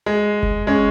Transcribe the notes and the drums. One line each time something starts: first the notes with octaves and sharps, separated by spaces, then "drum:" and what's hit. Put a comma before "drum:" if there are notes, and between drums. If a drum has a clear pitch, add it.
G#3
drum: kick F#1
G#3 C#4